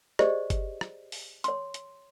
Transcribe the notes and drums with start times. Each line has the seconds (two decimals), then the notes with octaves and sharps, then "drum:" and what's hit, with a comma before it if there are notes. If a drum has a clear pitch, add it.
0.19 G4 G#4 C5 D5 D#5, drum: rim click
0.50 drum: kick G1, hi-hat
0.81 drum: rim click
1.12 drum: open hi-hat
1.44 C#5 C6, drum: hi-hat
1.74 drum: hi-hat